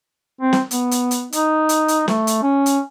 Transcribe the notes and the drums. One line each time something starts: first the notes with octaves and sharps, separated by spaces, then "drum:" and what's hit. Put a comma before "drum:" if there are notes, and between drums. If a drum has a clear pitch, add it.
C4
drum: snare
B3, drum: hi-hat
drum: hi-hat
drum: hi-hat
D#4, drum: hi-hat
drum: hi-hat
drum: hi-hat
A3, drum: snare
drum: hi-hat
C#4
drum: hi-hat